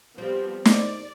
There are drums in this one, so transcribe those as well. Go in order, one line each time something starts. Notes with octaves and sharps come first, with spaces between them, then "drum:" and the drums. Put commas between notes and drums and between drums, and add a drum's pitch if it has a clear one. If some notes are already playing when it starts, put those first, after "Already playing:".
F3 G3 B3 C4 F4 A4
D5, drum: snare